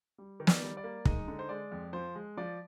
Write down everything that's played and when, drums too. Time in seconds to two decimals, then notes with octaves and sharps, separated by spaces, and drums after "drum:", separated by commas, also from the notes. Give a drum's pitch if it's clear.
0.18 G3
0.40 D#3
0.47 D5, drum: snare
0.62 G3
0.77 D5
0.84 A#3
1.05 G#3 D#4 D#5, drum: kick
1.28 D3
1.39 C5
1.49 G#3 D5
1.72 F2
1.93 F3 C5
2.15 G#3
2.37 F3 D5